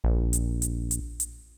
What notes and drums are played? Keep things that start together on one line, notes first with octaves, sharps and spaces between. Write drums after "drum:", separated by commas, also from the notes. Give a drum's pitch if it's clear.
A#1
drum: hi-hat
drum: hi-hat
drum: hi-hat
drum: hi-hat